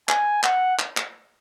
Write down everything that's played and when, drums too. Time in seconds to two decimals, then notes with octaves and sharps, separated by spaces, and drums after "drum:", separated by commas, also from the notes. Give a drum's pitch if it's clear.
0.09 G#5, drum: clap
0.43 F#5, drum: clap
0.79 drum: clap
0.97 drum: clap